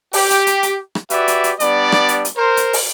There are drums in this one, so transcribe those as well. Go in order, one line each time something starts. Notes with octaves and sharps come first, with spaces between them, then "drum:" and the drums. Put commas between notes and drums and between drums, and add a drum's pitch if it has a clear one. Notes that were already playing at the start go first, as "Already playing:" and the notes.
G4, drum: open hi-hat
drum: hi-hat
drum: hi-hat
drum: hi-hat
drum: rim click
F#4 G4 B4 D5 E5, drum: hi-hat
drum: hi-hat
drum: hi-hat
G3 B3 D4 D5, drum: hi-hat
drum: rim click
drum: hi-hat
drum: hi-hat
A#4 C5
drum: hi-hat
drum: open hi-hat